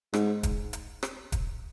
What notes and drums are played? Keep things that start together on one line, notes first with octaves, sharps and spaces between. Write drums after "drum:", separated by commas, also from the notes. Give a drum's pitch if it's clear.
G#2, drum: rim click
drum: kick, hi-hat
drum: hi-hat
drum: rim click
drum: kick, hi-hat